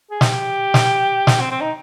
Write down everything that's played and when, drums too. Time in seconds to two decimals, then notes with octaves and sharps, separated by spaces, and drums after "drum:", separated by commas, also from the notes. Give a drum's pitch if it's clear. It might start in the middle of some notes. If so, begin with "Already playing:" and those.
0.10 G#4
0.21 G4, drum: snare
0.74 drum: snare
1.27 drum: snare
1.40 C4
1.51 C4
1.61 D#4